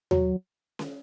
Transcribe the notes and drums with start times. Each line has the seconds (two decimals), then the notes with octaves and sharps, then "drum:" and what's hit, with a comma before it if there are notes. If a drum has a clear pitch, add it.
0.11 F#3, drum: tom D#2
0.79 drum: snare C#4